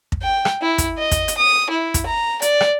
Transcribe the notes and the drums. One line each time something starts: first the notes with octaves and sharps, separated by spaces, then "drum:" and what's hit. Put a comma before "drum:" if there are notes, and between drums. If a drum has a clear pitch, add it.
drum: kick
G5
drum: rim click
E4
drum: kick, hi-hat
D#5
drum: kick, hi-hat
drum: hi-hat
D#6
E4
drum: kick, hi-hat
A#5
D5, drum: hi-hat
drum: rim click